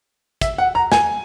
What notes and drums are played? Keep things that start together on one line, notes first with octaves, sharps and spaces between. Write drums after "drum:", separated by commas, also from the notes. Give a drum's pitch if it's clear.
E5, drum: kick, hi-hat
F#5
A#5
G#5, drum: snare